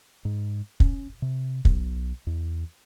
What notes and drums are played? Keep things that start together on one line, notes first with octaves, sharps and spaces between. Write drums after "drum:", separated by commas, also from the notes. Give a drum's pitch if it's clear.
G#2
C#4, drum: kick
C3
B1, drum: kick
E2